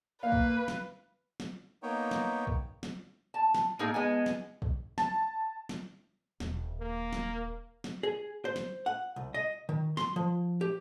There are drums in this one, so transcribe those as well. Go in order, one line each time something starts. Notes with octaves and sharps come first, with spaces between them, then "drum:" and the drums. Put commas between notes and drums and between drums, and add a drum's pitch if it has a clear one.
A#3 B4 F5
drum: kick
drum: snare
drum: snare
A#3 B3 D#4 C#5 G5
drum: snare
drum: kick
drum: snare
A5
drum: snare
A2 A#3 D#4 G#4
G#3 B3 G#5
drum: snare
drum: kick
A5, drum: snare
drum: snare
D#1, drum: snare
A#3
drum: snare
drum: snare
G#4
C5
drum: snare
F#5
C2
D#5
D#3
C6, drum: snare
F3
G4